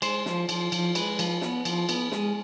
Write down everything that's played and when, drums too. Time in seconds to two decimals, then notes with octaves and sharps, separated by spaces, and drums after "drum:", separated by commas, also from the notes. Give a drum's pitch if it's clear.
0.02 G#3 C5, drum: cymbal
0.26 F3, drum: snare
0.49 F3, drum: cymbal
0.72 F3, drum: cymbal
0.95 G#3 B4, drum: cymbal
1.19 F3, drum: cymbal
1.41 B3, drum: snare
1.65 F3, drum: cymbal
1.89 B3, drum: cymbal
2.12 G#3, drum: snare